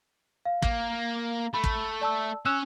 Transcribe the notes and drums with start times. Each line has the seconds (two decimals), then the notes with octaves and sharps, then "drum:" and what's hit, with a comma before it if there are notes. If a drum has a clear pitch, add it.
0.45 F5
0.62 A#3, drum: kick
1.54 A3 B5
1.64 drum: kick
2.01 D5 A5 E6
2.46 C#4 E6 F#6 E7